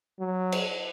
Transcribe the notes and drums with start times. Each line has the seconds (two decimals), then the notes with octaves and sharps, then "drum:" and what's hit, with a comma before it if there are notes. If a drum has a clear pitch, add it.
0.20 F#3
0.52 drum: cymbal